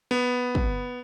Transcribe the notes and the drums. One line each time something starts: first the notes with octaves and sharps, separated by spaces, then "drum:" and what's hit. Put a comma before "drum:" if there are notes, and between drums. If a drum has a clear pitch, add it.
B3
drum: kick